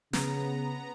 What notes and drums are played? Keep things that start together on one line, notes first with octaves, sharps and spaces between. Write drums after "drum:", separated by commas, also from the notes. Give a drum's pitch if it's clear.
C#3 B3 A#5, drum: snare